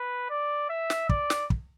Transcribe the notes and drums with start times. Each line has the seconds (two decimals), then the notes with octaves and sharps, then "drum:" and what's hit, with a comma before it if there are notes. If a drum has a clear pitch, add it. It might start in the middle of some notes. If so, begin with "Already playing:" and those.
Already playing: B4
0.30 D5
0.70 E5
0.90 drum: snare
1.09 D5, drum: kick
1.30 drum: snare
1.50 drum: kick